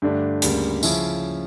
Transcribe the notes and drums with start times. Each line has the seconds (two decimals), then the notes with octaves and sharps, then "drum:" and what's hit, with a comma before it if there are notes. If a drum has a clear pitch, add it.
0.02 G2 D3 A3 D4
0.42 D2 C#3 G3 A#3, drum: hi-hat
0.83 C#3 F3 C#4 E4, drum: tambourine